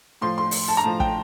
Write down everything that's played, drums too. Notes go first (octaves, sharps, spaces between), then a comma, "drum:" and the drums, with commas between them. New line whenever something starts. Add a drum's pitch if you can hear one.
A2 F3 C6
C6
drum: open hi-hat
A5
A#5
A2 F3 A5
G5, drum: kick